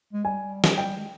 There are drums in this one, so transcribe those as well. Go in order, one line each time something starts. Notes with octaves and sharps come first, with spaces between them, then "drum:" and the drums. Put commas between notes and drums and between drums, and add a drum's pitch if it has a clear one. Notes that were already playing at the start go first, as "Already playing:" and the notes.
G#3
G3 G#5
G3, drum: snare
G5
G#3